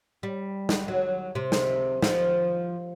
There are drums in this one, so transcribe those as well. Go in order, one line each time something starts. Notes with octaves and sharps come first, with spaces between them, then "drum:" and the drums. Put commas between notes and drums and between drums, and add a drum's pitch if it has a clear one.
G3
drum: snare
F#3
C3
drum: snare
F3, drum: snare